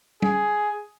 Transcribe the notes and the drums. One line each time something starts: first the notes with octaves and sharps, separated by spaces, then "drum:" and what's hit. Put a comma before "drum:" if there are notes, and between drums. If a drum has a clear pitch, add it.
G#4, drum: tom